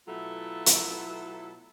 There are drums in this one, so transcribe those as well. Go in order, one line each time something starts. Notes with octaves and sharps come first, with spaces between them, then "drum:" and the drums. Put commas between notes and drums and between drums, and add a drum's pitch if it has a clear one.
B2 F#3 A3 E4 F4 A4
drum: hi-hat